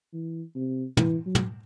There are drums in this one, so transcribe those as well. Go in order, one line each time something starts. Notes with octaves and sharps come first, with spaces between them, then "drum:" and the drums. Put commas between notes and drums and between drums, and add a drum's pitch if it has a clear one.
E3
C3
E3, drum: tom
F#3
drum: tom